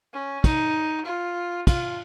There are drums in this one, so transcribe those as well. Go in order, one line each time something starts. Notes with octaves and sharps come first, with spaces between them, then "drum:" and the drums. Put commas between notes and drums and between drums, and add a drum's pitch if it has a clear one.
C#4
D#4, drum: kick, cymbal
F4
F4, drum: kick, cymbal